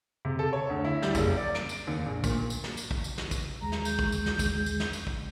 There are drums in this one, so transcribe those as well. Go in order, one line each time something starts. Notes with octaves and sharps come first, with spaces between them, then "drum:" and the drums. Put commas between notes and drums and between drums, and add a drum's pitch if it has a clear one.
C3
A4
C#5
D2
E4
G3, drum: snare
F#1, drum: kick, tambourine
D5
D7, drum: snare
drum: tambourine
D#2
A#1
A#2, drum: kick, tambourine
drum: tambourine
drum: snare
drum: tambourine
drum: kick
drum: tambourine
drum: snare
drum: kick, tambourine
D#2 G#3 A#5
drum: snare
G6, drum: tambourine
drum: kick
drum: tambourine
drum: snare
drum: kick, tambourine
drum: tambourine
drum: snare
drum: tambourine
drum: kick